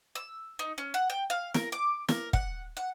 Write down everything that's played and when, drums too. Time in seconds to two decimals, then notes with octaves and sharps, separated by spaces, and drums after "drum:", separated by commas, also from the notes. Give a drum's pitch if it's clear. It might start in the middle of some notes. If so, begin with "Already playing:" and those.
0.15 E6
0.59 D#4
0.78 C#4
0.94 F#5
1.10 G5
1.30 F5
1.54 A#4, drum: snare
1.72 D6
2.09 A#4, drum: snare
2.33 F#5, drum: kick
2.77 F#5